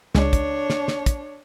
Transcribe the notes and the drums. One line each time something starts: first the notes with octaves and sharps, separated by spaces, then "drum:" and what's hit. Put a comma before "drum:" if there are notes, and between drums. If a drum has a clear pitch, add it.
C#2 G#3 D4 C#5, drum: snare
drum: kick, hi-hat
drum: snare
drum: snare
drum: kick, hi-hat